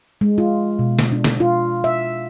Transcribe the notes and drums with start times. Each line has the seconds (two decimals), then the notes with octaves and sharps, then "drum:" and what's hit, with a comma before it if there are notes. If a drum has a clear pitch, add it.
0.21 G#3
0.38 F4
0.79 B2
0.99 drum: snare
1.12 D4
1.24 drum: snare
1.40 F4
1.84 E5